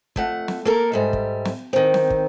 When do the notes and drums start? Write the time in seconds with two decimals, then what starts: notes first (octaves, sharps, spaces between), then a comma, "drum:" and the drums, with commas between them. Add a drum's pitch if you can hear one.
0.16 F2 A3 F#5, drum: kick
0.48 drum: snare
0.65 A#3 A4 A#4
0.92 G#2 G3 E5
1.13 drum: kick
1.46 drum: snare
1.73 D#3 C4
1.94 drum: snare
2.10 drum: kick